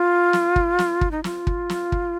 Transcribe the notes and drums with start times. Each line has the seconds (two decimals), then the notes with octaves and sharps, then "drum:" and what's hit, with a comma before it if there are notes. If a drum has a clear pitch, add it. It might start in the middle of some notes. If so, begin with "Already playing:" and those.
Already playing: F4
0.33 drum: snare
0.56 drum: kick
0.79 drum: snare
1.01 drum: kick
1.11 D#4
1.24 F4, drum: snare
1.47 drum: kick
1.70 drum: snare
1.92 drum: kick